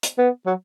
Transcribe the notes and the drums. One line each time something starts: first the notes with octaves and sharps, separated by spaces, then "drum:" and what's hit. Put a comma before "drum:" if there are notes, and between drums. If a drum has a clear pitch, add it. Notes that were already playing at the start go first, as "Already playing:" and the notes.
drum: hi-hat
B3
F#3